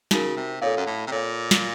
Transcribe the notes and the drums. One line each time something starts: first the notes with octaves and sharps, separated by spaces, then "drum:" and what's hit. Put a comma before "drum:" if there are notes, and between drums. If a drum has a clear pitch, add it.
C#3 D#4 F#4 A#4, drum: snare
C3
A#2 A4 C#5 F5
F#2
A2
C3
A#2 A4 C#5 F5
drum: snare